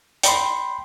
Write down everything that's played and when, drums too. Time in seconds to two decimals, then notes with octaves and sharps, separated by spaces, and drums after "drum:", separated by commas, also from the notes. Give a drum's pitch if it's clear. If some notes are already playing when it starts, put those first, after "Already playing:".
0.23 G5 B5 C6, drum: hi-hat